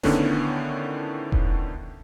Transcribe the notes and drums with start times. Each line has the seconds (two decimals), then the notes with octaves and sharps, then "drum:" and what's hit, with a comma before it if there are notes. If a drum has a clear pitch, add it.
0.03 A2 D3 D#3 B3 C#4 D4, drum: snare D#1
1.32 drum: kick E1